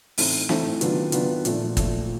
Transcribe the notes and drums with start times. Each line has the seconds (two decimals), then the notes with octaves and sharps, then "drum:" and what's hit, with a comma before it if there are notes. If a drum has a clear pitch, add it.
0.18 A2 E3 A3 C4 D#4, drum: open hi-hat
0.49 A2 E3 A3 C4 D#4, drum: snare
0.81 D#3 F#3 B3 D4 F4, drum: hi-hat
1.12 D#3 F#3 B3 D4 F4, drum: hi-hat
1.45 A#2 F3 A3, drum: hi-hat
1.77 A#2 F3 A3, drum: kick, hi-hat